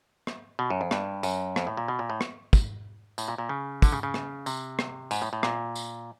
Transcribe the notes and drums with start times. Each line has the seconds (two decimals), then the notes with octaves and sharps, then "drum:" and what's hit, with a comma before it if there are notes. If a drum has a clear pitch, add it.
0.27 drum: rim click
0.59 B2
0.70 F#2
0.81 F2
0.91 G2, drum: rim click
1.23 F#2, drum: tambourine
1.56 F2, drum: rim click
1.67 A2
1.77 A#2
1.88 B2
1.99 A#2
2.10 A2
2.21 drum: rim click
2.53 drum: kick, tambourine
3.18 A2, drum: tambourine
3.28 A#2
3.38 A#2
3.49 C#3
3.82 D3, drum: kick, tambourine
3.93 C#3
4.03 C#3
4.14 drum: rim click
4.46 C3, drum: tambourine
4.79 drum: rim click
5.11 G#2, drum: tambourine
5.22 A2
5.33 A2
5.43 A#2, drum: rim click
5.75 drum: tambourine